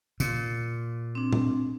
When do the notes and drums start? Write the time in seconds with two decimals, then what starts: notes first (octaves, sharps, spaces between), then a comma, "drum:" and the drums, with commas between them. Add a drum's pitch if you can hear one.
0.20 A#2, drum: tambourine
1.15 C4 D4
1.33 drum: tom A#2